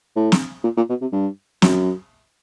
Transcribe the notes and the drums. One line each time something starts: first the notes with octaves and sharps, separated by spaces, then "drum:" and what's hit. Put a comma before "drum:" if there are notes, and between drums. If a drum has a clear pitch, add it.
A2
drum: snare
A#2
A#2
B2
C3
G2
F#2, drum: snare